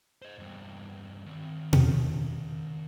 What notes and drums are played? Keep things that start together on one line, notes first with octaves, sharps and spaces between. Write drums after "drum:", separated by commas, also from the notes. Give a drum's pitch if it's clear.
C5 D#5
E2 G2
D#3 C4
drum: tom B2